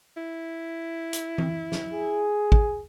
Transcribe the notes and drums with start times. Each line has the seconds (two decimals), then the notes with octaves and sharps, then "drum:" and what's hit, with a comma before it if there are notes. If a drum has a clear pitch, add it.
0.17 E4
1.13 drum: hi-hat
1.38 drum: tom E3
1.72 drum: snare
1.93 G#4
2.52 drum: kick